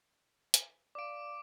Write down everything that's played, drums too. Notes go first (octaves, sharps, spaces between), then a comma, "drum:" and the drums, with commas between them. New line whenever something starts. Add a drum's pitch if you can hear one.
drum: hi-hat
D5 F5 D6 D7